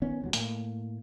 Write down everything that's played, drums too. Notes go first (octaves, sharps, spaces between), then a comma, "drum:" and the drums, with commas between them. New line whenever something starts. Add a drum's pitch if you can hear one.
D#3 B3 C#4
E1 D#2 F#3
A2 A#3, drum: hi-hat